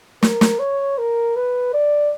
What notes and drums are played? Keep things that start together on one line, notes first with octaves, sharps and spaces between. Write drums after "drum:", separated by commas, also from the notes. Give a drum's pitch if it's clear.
A#4, drum: snare
drum: snare
C#5
A#4
B4
D5